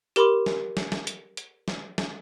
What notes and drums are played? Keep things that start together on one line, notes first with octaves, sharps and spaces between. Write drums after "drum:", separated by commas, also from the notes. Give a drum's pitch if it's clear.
G4 A#4 B5 C6 D6, drum: hi-hat
drum: snare
drum: snare
drum: snare
drum: hi-hat
drum: hi-hat
drum: snare
drum: snare